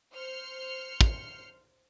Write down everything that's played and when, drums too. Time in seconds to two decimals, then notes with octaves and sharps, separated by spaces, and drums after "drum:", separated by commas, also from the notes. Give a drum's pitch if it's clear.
0.15 C5 F6 C7 C#7
1.01 drum: kick